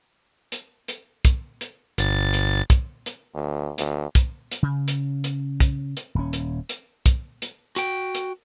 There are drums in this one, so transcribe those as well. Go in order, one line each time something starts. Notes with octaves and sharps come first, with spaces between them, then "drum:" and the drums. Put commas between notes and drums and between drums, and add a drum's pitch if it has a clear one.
drum: hi-hat
drum: hi-hat
drum: kick, hi-hat
drum: hi-hat
G1 A6, drum: hi-hat
drum: hi-hat
drum: kick, hi-hat
drum: hi-hat
D2
D2, drum: hi-hat
drum: kick, hi-hat
drum: hi-hat
C#3
drum: hi-hat
drum: hi-hat
drum: kick, hi-hat
drum: hi-hat
D#1 C#4
drum: hi-hat
drum: hi-hat
drum: kick, hi-hat
drum: hi-hat
F#4 G5, drum: hi-hat
drum: hi-hat